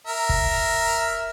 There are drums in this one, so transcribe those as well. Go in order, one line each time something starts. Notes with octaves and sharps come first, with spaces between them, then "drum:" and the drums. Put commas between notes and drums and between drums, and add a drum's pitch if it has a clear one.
A#4 E5
drum: kick